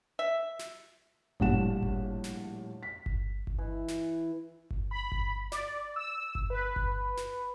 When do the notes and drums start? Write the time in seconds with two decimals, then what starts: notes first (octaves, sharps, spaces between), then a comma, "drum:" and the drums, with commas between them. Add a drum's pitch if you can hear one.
0.19 E5
0.59 drum: snare
1.40 A#1 A2 G3 D4 F#5 E7, drum: kick G1
1.83 drum: kick G1
2.24 drum: snare
2.83 B6
3.06 drum: kick G1
3.47 drum: kick G1
3.58 E3
3.88 drum: snare
4.71 drum: kick G1
4.91 B5
5.12 drum: kick G1
5.52 D5, drum: snare
5.96 E6
6.35 drum: kick G1
6.50 B4
6.76 drum: kick G1
7.17 drum: snare